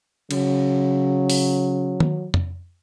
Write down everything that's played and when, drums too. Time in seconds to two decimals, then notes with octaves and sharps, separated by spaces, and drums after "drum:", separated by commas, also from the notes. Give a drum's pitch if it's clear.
0.31 C#3 F#3, drum: cymbal
1.30 drum: open hi-hat
2.00 drum: tom D#3
2.34 drum: tom